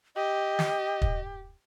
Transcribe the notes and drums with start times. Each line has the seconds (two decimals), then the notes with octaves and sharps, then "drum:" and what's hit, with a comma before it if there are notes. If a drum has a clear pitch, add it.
0.16 G4 D#5
0.59 drum: snare
1.02 drum: kick